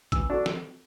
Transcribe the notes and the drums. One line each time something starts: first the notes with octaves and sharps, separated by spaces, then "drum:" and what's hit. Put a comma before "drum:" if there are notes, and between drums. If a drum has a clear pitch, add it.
E3 E6, drum: kick A1, hi-hat
D4 F#4 A4
drum: snare